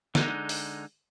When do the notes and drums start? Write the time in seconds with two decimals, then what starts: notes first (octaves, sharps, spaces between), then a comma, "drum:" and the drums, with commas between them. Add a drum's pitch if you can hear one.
0.15 D3 G#3 D#4, drum: snare
0.49 drum: open hi-hat